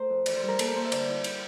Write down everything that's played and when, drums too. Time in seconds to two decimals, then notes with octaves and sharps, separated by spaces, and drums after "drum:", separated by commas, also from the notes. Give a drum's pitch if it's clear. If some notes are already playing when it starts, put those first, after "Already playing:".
Already playing: A3 A#4 C5
0.10 F2
0.26 E3 D5, drum: cymbal
0.37 C5
0.43 G3
0.48 A#4
0.59 A#3 A4, drum: cymbal
0.67 A#4
0.75 A#3 C5
0.84 E5
0.92 D3 D5, drum: cymbal
1.09 E4
1.24 E4, drum: cymbal